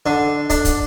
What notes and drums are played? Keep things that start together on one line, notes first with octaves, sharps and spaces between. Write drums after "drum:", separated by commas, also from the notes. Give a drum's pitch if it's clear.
D3
D4, drum: kick, hi-hat
drum: kick, hi-hat